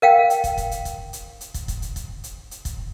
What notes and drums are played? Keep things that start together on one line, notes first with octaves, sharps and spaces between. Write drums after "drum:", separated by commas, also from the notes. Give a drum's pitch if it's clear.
A#4 F5 G5
drum: hi-hat
drum: kick, hi-hat
drum: kick, hi-hat
drum: hi-hat
drum: kick, hi-hat
drum: hi-hat
drum: hi-hat
drum: kick, hi-hat
drum: kick, hi-hat
drum: hi-hat
drum: kick, hi-hat
drum: hi-hat
drum: hi-hat
drum: kick, hi-hat